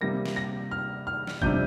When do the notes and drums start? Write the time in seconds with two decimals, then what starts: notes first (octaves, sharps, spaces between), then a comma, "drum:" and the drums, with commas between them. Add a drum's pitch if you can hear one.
0.01 C3 G3 A#3 A#6
0.26 drum: snare
0.36 A#6
0.71 F6
1.07 F6
1.27 drum: snare
1.42 F2 C3 G3 D4 G6, drum: kick G1